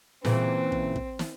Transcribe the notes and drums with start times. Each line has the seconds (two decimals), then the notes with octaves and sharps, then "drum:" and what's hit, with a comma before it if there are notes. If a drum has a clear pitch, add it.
0.25 A#2 C#3 E3 C4, drum: snare
0.72 drum: kick
0.96 drum: kick
1.19 drum: snare